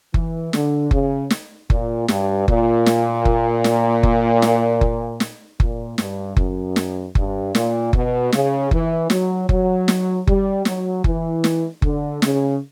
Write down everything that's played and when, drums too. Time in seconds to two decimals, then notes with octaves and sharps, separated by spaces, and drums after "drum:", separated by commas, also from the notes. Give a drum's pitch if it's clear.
0.14 E3, drum: kick F#1
0.53 D3, drum: snare
0.91 C#3, drum: kick F#1
1.30 drum: snare
1.70 A#2, drum: kick F#1
2.08 G2, drum: snare
2.48 A#2, drum: kick F#1
2.86 drum: snare
3.25 drum: kick F#1
3.64 drum: snare
4.03 drum: kick F#1
4.42 drum: snare
4.81 drum: kick F#1
5.20 drum: snare
5.60 A#2, drum: kick F#1
5.98 G2, drum: snare
6.37 F#2, drum: kick F#1
6.76 drum: snare
7.15 G2, drum: kick F#1
7.55 A#2, drum: snare
7.93 B2, drum: kick F#1
8.32 C#3, drum: snare
8.71 E3, drum: kick F#1
9.10 F#3, drum: snare
9.49 F#3, drum: kick F#1
9.88 drum: snare
10.27 G3, drum: kick F#1
10.65 F#3, drum: snare
11.04 E3, drum: kick F#1
11.44 drum: snare
11.82 D3, drum: kick F#1
12.22 C#3, drum: snare